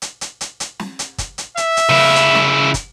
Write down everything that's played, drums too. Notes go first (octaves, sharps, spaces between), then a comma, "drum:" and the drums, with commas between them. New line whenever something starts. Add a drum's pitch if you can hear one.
drum: hi-hat
drum: hi-hat
drum: hi-hat
drum: hi-hat
drum: snare
drum: hi-hat
drum: kick, hi-hat
drum: hi-hat
E5, drum: hi-hat
drum: hi-hat
C#3 E4
drum: hi-hat
drum: snare
drum: kick, hi-hat